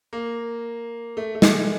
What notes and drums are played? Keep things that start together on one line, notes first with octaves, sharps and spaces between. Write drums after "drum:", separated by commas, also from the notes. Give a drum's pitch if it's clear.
A#3
A3
A3
G#3, drum: snare